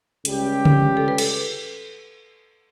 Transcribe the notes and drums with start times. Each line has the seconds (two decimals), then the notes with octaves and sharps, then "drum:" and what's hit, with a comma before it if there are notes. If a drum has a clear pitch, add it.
0.25 C#2 C#3 G3 C#4 G4, drum: hi-hat
0.65 drum: tom C#3
0.97 A4
1.08 B4
1.18 A4, drum: cymbal